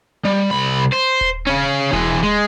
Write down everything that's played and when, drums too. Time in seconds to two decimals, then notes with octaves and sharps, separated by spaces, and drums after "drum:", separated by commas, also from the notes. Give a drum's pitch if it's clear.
0.25 G3
0.51 C2 B5
0.93 C5
1.21 drum: kick D#1
1.47 C#3 C#4
1.93 E3 G#3, drum: kick D#1
2.23 G#3